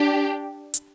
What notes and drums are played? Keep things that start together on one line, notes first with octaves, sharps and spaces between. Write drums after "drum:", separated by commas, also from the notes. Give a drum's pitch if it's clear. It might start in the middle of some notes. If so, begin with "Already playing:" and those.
Already playing: D4 G4
drum: hi-hat